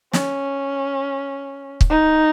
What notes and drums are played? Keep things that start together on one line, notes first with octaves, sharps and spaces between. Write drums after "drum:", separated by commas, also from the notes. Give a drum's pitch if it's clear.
C#4, drum: snare
drum: kick
D#4